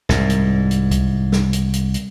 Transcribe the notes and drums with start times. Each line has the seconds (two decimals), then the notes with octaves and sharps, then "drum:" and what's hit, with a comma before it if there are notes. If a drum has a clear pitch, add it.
0.09 C2 G#2, drum: snare
0.30 drum: hi-hat
0.71 drum: hi-hat
0.91 drum: kick C#2, hi-hat
1.32 drum: snare
1.53 drum: hi-hat
1.73 drum: hi-hat
1.94 drum: hi-hat